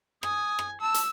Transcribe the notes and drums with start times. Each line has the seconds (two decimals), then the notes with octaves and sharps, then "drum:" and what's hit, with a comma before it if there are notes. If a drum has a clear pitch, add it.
0.23 G#5 D#6, drum: rim click
0.59 drum: rim click
0.81 A5 E6
0.94 drum: hi-hat